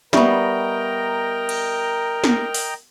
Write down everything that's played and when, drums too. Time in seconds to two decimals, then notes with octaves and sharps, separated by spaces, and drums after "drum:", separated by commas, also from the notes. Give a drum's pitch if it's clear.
0.13 G3 B3 A#4 D#5 E5 G5 A#5 C#6, drum: snare
1.49 drum: cymbal
2.24 drum: snare
2.54 drum: open hi-hat